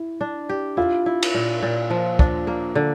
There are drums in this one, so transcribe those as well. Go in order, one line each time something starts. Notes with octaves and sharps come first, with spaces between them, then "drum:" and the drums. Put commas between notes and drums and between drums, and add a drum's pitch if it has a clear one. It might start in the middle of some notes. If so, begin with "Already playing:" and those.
Already playing: E4
D4
G4
E4 F4
E4
drum: cymbal
A#2
A#2
F3
D4, drum: kick
A#3
D3